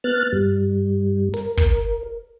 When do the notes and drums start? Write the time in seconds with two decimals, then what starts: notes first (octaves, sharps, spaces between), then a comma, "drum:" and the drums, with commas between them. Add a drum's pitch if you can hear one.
0.04 B3 F6 F#6 A6
0.32 G2 G3
1.34 A#4, drum: hi-hat
1.57 drum: kick